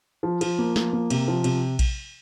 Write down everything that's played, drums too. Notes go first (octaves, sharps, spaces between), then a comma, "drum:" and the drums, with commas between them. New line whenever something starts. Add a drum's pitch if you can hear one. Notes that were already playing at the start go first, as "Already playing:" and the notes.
F3
F3, drum: cymbal
A#3
F3, drum: snare
A#3
C3, drum: cymbal
F3
C3, drum: cymbal
drum: kick A#1, cymbal